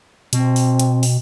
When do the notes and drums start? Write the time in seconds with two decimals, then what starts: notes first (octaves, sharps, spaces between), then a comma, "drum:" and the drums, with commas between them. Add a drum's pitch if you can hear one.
0.33 B2 C4, drum: hi-hat
0.56 drum: open hi-hat
0.79 drum: hi-hat
1.03 drum: open hi-hat